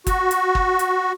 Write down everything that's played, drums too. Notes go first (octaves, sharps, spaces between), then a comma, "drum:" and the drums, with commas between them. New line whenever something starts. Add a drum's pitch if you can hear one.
F#4, drum: kick, hi-hat
drum: hi-hat
drum: kick
drum: hi-hat